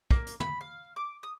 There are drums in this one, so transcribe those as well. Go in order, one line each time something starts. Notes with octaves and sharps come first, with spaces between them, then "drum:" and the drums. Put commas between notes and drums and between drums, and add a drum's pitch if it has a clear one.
A#3, drum: kick
drum: hi-hat
B5, drum: tom
F5
D6
D#6